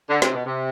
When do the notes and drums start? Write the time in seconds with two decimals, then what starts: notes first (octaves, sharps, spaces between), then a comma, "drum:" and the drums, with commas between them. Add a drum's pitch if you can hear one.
0.10 D3
0.22 C3, drum: snare
0.34 B2
0.46 C3